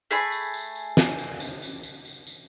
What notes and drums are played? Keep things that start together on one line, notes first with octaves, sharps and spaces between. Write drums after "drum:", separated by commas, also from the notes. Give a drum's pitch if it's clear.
A3 G#4 G#5 B5, drum: tambourine
drum: tambourine
drum: tambourine
drum: tambourine
drum: snare
drum: tambourine
drum: tambourine
drum: tambourine
drum: tambourine
drum: tambourine
drum: tambourine